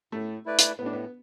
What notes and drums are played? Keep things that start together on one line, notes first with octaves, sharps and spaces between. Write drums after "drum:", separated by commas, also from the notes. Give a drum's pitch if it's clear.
A2 A3
A3 E4 B4 D5
drum: hi-hat
A2 B3
D4
B3